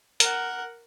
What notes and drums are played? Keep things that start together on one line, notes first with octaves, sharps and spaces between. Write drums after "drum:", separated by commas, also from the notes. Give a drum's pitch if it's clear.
A#4 F#5, drum: hi-hat